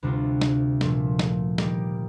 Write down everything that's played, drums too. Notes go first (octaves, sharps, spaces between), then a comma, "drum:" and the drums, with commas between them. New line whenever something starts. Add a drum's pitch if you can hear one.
D2 C3 G3 D4 F4
drum: snare
A#2 F3 A3, drum: snare
drum: snare
D#3 G3 A#3 D#4 G4, drum: snare